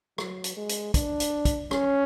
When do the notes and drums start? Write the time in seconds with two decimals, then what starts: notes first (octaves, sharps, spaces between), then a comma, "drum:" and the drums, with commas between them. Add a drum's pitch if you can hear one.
0.18 F#3, drum: rim click
0.44 drum: hi-hat
0.57 G#3
0.69 drum: hi-hat
0.94 D4, drum: kick, hi-hat
1.20 drum: hi-hat
1.45 drum: kick, hi-hat
1.71 C#4, drum: rim click